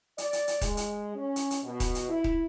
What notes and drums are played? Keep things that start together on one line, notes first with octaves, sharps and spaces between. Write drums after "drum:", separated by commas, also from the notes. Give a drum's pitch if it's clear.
D5, drum: hi-hat
drum: hi-hat
drum: hi-hat
G#3, drum: kick D#1, hi-hat
drum: hi-hat
C#4
drum: hi-hat
drum: hi-hat
B2
drum: kick D#1, hi-hat
drum: hi-hat
E4
drum: kick D#1